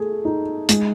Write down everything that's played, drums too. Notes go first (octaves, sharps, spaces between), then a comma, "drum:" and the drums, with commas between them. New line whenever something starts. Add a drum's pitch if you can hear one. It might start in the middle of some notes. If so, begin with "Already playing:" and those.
Already playing: A3 G#4
D#4
G#3, drum: hi-hat